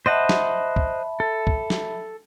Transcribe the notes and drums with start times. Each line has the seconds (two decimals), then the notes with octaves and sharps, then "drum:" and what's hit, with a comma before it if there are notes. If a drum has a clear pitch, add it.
0.06 C5 D#5 E5 F#5 A5 B5
0.29 drum: snare
0.76 drum: kick
1.20 A4
1.47 drum: kick
1.70 drum: snare